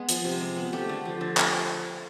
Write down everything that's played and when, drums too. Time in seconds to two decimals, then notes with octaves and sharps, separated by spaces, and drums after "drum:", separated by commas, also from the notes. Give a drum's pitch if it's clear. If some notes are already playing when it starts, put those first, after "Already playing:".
Already playing: G#3 B3 G#4
0.09 F3, drum: hi-hat
0.24 C3
0.41 G#3
0.56 B3
0.73 A3 G4
0.89 D3
1.05 F3
1.21 D3
1.37 A3, drum: clap